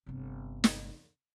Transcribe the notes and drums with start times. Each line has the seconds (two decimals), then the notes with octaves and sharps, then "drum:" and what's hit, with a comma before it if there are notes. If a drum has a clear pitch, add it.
0.06 G1 C3
0.64 drum: snare